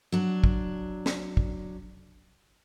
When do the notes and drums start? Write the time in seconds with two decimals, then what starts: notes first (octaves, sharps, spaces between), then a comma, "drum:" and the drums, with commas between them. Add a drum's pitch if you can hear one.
0.12 F#3 D4
0.44 drum: kick
1.06 drum: snare
1.37 drum: kick